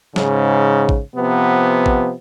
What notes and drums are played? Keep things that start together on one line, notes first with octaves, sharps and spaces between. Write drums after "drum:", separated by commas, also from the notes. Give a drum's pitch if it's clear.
G#2 C#3, drum: snare
drum: kick A1
C3 F3 B3
drum: kick A1